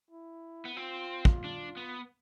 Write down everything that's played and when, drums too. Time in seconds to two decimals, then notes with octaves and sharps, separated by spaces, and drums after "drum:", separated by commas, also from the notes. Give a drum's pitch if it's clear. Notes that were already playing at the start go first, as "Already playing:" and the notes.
0.11 E4
0.65 B3
0.76 C4 F4
1.25 drum: kick
1.44 D4
1.77 B3